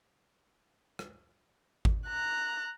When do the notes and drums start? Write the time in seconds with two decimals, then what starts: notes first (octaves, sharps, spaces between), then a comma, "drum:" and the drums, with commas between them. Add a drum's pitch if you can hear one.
0.99 drum: rim click
1.85 drum: kick G#1
2.06 A#5 F#6